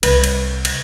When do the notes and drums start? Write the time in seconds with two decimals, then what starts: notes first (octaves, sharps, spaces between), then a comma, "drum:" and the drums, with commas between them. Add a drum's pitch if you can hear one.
0.03 C2 B4, drum: cymbal
0.24 drum: cymbal
0.65 drum: cymbal